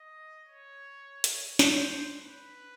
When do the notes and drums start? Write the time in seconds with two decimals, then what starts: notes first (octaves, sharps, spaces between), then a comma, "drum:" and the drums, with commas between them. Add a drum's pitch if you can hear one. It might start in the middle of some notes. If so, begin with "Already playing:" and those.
Already playing: D#5
0.47 C#5
1.24 drum: hi-hat
1.59 C5, drum: snare
2.17 B4